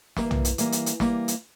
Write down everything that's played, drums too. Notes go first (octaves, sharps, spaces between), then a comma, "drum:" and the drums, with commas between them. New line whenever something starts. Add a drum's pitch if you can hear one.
E3 G3 A#3, drum: snare
drum: tom B1
drum: hi-hat
E3 G3 A#3, drum: hi-hat
drum: hi-hat
drum: hi-hat
E3 G3 A#3, drum: snare
drum: hi-hat